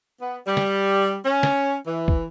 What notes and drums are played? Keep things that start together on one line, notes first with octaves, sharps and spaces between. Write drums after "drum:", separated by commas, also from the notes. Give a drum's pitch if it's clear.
B3
G3
drum: snare
C#4
drum: snare
E3
drum: kick